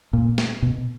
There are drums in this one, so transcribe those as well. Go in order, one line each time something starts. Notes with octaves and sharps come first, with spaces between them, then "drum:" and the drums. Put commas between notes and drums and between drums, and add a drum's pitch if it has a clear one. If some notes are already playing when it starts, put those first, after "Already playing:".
A#2
drum: snare
B2